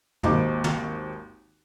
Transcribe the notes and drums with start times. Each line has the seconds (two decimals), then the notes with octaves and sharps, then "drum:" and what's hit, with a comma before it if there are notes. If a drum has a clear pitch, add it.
0.23 G#1 D#2 C4 D#4 D6, drum: tom
0.64 drum: tom